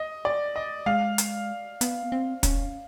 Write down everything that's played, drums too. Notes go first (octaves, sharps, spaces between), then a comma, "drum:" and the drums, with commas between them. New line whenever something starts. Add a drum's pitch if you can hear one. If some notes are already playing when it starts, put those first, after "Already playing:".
Already playing: D#5
D5
D#5
G#3 F5
drum: hi-hat
B3, drum: hi-hat
C4
C#4, drum: kick, hi-hat